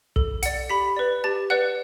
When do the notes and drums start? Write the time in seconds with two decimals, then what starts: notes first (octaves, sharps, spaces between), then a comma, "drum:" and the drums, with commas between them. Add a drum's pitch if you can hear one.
0.16 A4, drum: kick
0.43 D5 F#5, drum: hi-hat
0.69 G4 B5 B6
0.97 B4 D5
1.24 G4 A5 A6
1.50 B4 D5 F#5 F#6